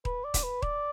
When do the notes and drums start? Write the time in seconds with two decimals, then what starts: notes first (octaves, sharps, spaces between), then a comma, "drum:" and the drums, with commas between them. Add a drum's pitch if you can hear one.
0.05 B4, drum: kick D#1
0.24 D5
0.34 drum: kick D#1, hi-hat
0.43 B4
0.62 D5, drum: kick D#1